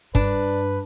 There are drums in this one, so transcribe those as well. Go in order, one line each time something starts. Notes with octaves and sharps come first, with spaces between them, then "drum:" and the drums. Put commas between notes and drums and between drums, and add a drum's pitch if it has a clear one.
G2 D4 B4, drum: kick